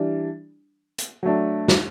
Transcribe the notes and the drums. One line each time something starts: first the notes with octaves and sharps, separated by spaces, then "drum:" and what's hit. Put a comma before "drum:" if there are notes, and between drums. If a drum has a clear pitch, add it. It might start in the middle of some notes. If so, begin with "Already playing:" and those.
Already playing: E3 G3 D4
drum: hi-hat
F#3 A3 D4
drum: snare